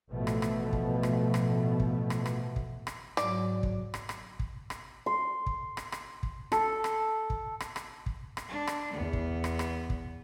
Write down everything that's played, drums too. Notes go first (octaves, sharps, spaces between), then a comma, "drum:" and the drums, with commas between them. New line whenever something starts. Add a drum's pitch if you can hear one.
A1 B2 F3 A3 B3
drum: rim click
drum: rim click
drum: kick
drum: rim click
drum: rim click
drum: kick
drum: rim click
drum: rim click
drum: kick
drum: rim click
G#2 F#3 D5, drum: rim click
drum: kick
drum: rim click
drum: rim click
drum: kick
drum: rim click
C6
drum: kick
drum: rim click
drum: rim click
drum: kick
A4, drum: rim click
drum: rim click
drum: kick
drum: rim click
drum: rim click
drum: kick
drum: rim click
D4
drum: rim click
E2 B3
drum: kick
drum: rim click
drum: rim click
drum: kick